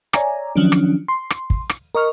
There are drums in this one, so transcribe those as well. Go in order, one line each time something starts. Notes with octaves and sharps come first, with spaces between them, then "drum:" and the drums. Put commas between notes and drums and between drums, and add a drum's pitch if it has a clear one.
C#5 D5 E5 G#5 A#5, drum: rim click
D#3 F3 F#3 C#4 D4
drum: rim click
C6
drum: rim click
drum: kick
drum: rim click
A#4 D#5 C#6 F6